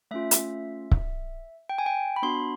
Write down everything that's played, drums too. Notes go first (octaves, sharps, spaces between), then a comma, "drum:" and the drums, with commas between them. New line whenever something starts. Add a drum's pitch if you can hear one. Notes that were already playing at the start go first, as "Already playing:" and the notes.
A3 C#4 F4 E5
drum: hi-hat
drum: kick C#1
G5
G#5
G5
B5
B3 D4 F#4 C6